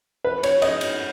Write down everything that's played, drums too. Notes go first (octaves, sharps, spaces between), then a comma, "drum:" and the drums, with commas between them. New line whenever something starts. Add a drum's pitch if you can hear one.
B4
C#5, drum: cymbal
D#5, drum: cymbal
drum: cymbal